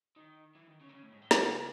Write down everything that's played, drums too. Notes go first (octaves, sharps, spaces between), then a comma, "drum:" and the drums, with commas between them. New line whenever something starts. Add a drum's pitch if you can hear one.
D#3
E3
D#3
C#3
D#3
C#3
A2
G#2
A2
C#3, drum: snare